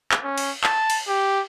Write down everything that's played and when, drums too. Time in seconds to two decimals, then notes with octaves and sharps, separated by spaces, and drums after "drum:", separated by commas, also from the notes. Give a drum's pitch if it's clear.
0.12 drum: clap
0.24 C#4
0.38 drum: cymbal
0.64 A5, drum: clap
0.90 drum: cymbal
1.08 G4